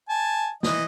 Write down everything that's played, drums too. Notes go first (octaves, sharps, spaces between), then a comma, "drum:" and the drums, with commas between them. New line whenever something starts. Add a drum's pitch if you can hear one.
G#5 A5
E3 D#5, drum: snare